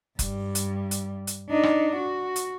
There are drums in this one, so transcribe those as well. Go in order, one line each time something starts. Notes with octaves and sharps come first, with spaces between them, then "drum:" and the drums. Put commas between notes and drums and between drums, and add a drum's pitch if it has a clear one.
G2 G3, drum: kick F#1, hi-hat
drum: hi-hat
drum: hi-hat
drum: hi-hat
D4 D#4
drum: rim click
F#4
drum: hi-hat